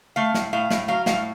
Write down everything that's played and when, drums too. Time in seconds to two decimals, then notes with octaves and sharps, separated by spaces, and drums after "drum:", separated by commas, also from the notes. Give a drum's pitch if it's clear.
0.16 A3 F5
0.34 A2, drum: snare
0.53 A2 F5
0.70 A2, drum: snare
0.88 F#3 F5
1.06 A2 F5, drum: snare